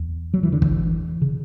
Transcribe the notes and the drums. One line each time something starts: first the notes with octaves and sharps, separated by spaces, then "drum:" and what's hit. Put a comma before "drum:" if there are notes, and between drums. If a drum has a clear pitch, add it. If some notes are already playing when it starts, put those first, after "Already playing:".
Already playing: E2
F#3
E3
D3
E3, drum: kick
C#3